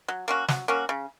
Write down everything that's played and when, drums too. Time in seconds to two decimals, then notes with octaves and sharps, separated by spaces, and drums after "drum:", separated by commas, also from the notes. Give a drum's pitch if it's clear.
0.08 F#3
0.28 A#3 C#4 F#4
0.48 F#3, drum: snare
0.68 A#3 C#4 F#4
0.89 C#3